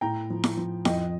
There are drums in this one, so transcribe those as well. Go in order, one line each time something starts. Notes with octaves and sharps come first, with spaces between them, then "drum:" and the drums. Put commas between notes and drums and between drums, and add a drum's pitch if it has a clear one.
A2 G5 A#5
F3
drum: snare E4
F3
F2 D#5 G5, drum: snare E4